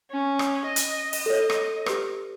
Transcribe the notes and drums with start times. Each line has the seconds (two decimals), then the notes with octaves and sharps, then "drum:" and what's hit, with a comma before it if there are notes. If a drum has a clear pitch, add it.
0.11 C#4
0.39 drum: rim click
0.66 D#5
0.76 drum: hi-hat
1.13 drum: open hi-hat
1.26 A4 C#5
1.50 drum: rim click
1.86 G4 B4, drum: rim click